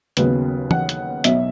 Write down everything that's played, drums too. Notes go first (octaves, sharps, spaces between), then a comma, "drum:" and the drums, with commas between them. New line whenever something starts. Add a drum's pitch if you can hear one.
D#2 C#3 F#3 B3 B4, drum: hi-hat
F#5, drum: tom
drum: hi-hat
B1 B2 F#3 E5, drum: hi-hat